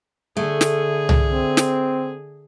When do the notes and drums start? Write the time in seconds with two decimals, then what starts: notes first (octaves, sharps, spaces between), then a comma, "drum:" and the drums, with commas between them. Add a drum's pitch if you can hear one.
0.37 D3 A3 G#4
0.61 drum: snare
1.09 drum: tom C2
1.31 C4
1.57 drum: snare